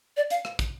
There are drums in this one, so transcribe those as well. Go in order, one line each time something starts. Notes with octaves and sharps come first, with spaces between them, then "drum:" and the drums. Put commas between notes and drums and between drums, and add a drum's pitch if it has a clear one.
D5
F5, drum: hi-hat
drum: rim click
drum: kick, hi-hat